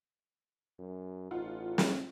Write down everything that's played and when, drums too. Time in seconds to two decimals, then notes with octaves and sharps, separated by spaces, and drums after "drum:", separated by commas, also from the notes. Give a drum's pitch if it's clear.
0.79 F#2
1.31 A1 D#4 F4 F#5
1.78 drum: snare